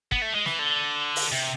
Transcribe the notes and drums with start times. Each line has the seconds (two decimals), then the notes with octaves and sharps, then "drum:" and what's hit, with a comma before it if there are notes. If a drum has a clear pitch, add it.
0.12 B3, drum: kick
0.22 A3
0.34 G#3
0.46 E3, drum: snare
0.59 D3
1.16 drum: open hi-hat
1.32 C3